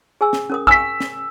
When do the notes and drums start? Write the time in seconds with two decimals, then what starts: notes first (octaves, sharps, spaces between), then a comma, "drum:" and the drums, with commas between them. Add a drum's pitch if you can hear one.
0.21 G#4 G#5 E6
0.33 drum: snare
0.50 C#4 A#4 D#6
0.67 G5 G#5 C#6 E6 B6, drum: kick
1.00 drum: snare